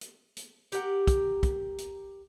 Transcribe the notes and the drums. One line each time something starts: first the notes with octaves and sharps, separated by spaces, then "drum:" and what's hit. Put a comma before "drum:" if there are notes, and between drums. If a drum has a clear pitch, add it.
drum: hi-hat
drum: hi-hat
G4 A#4 F#5, drum: hi-hat
drum: kick, hi-hat
drum: kick, hi-hat
drum: hi-hat